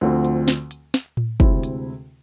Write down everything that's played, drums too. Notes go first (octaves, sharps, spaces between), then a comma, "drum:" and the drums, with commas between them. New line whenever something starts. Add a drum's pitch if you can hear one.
D2 D3 F3 A3 C4
drum: hi-hat
drum: snare
drum: hi-hat
drum: snare
drum: tom A2
D2 C3 G#3 C4 E4, drum: kick
drum: hi-hat